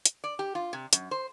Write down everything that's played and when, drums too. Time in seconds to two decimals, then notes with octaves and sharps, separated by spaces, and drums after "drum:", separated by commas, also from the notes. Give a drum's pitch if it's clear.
0.05 drum: hi-hat
0.24 D5
0.39 G4
0.55 F4
0.73 C3
0.93 F#2, drum: hi-hat
1.11 C5